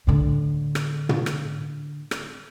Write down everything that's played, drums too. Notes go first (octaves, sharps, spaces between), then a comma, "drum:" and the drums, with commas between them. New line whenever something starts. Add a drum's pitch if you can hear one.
A2 D3
drum: rim click
drum: tom
drum: rim click
drum: rim click